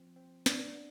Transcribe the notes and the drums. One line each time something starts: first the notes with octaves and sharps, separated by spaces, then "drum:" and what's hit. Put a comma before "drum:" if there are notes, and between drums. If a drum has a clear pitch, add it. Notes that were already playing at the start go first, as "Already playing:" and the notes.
Already playing: F3 C4
C4
B3 D4, drum: snare
B3